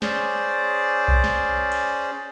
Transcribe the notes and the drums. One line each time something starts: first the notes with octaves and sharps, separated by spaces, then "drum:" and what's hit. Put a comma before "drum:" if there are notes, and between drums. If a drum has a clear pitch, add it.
C#4 G#4 C5 D5, drum: snare
drum: kick B1
drum: snare
drum: cymbal